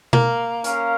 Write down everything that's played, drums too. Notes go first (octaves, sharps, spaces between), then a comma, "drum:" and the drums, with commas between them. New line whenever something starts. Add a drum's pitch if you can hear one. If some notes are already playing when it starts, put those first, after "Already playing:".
A#3, drum: tom B2
C#4 A#4 F5, drum: hi-hat